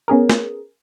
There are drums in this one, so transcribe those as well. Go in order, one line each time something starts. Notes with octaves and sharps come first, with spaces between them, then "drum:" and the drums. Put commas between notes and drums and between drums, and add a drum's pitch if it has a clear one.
B3 C#4 G#4 A#4
drum: snare